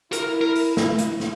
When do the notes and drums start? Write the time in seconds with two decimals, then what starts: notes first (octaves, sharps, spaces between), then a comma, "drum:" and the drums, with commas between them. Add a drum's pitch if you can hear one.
0.13 E4 A#4, drum: hi-hat
0.41 A#4
0.55 drum: open hi-hat
0.77 drum: snare
0.98 drum: hi-hat
1.20 drum: snare